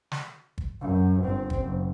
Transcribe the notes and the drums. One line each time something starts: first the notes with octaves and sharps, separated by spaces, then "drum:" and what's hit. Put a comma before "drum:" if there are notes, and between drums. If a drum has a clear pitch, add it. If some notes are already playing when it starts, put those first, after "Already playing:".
drum: snare
drum: kick
F#2
G1 C4
drum: kick
F#1